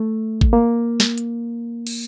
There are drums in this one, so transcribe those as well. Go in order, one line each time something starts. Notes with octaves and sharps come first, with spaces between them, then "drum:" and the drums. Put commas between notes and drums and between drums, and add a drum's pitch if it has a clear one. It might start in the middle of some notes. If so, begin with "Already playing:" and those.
Already playing: A3
drum: kick
A#3
drum: snare
drum: hi-hat
drum: cymbal